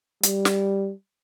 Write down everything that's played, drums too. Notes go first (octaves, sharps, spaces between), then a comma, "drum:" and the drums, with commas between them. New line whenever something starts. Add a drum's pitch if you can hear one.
G3, drum: hi-hat
drum: snare